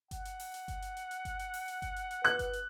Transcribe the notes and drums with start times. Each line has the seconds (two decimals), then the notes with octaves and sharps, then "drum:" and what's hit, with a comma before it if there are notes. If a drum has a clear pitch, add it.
0.11 F#5, drum: kick G1, hi-hat
0.25 drum: hi-hat
0.40 drum: open hi-hat
0.54 drum: hi-hat
0.68 drum: kick G1, hi-hat
0.82 drum: hi-hat
0.97 drum: hi-hat
1.11 drum: hi-hat
1.25 drum: kick G1, hi-hat
1.39 drum: hi-hat
1.54 drum: open hi-hat
1.68 drum: hi-hat
1.82 drum: kick G1, hi-hat
1.96 drum: hi-hat
2.11 drum: hi-hat
2.25 B4 F#6, drum: hi-hat
2.39 drum: kick G1, hi-hat
2.53 drum: hi-hat